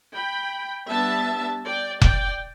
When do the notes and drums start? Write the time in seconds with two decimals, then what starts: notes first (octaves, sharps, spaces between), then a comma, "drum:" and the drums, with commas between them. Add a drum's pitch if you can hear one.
0.14 G5 B5
0.90 G3 B3 D4 E5 A5
1.64 D5 G5
2.02 D5 G5, drum: kick F1